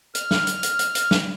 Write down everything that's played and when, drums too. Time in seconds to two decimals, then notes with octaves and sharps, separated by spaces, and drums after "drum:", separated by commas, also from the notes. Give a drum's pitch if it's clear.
0.15 F6, drum: hi-hat
0.31 drum: snare
0.47 drum: hi-hat
0.63 drum: hi-hat
0.79 drum: hi-hat
0.95 drum: hi-hat
1.11 drum: snare